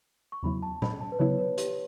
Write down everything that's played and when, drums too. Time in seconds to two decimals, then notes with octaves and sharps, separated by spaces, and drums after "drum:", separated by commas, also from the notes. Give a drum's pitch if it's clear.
0.32 C#6
0.43 E2 C#3 F#3 B3 E4 B5
0.63 A5
0.82 B5, drum: tom A#2
1.00 A5
1.12 B4
1.19 C#3 F#3 B3 E4 C#5
1.38 B4
1.58 G4, drum: hi-hat